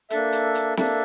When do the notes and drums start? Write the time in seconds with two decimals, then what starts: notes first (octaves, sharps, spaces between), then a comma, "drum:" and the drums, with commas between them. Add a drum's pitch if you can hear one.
0.10 A#3 D4 A4 E5, drum: hi-hat
0.33 drum: hi-hat
0.55 drum: hi-hat
0.77 A#3 D4 A4 E5, drum: snare